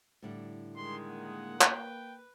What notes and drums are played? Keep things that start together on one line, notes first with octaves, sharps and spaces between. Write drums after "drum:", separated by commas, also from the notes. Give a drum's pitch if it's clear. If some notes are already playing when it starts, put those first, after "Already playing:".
A2 D3 G3
D#3 G#3 C6
A#3 F#5
B4 G5, drum: clap